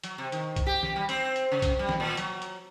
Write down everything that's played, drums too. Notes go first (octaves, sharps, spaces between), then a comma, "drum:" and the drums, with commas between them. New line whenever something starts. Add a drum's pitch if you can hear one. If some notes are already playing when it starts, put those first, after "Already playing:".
F#3, drum: hi-hat
C3
D#3, drum: hi-hat
drum: kick B1, hi-hat
G4
drum: snare
G3
C4, drum: hi-hat
drum: hi-hat
C#3
drum: kick B1, hi-hat
G3
drum: snare
A#2
F#3, drum: hi-hat
drum: hi-hat